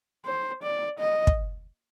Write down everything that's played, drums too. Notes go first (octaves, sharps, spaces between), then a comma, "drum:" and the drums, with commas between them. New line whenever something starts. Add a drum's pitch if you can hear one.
C5
D5
D#5
drum: kick